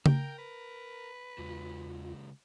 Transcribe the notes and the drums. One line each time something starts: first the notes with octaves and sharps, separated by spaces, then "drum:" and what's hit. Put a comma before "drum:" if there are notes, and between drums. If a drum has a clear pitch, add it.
A#4 G5, drum: tom C#3
B4
E2 C#3 G#3 F4 F#4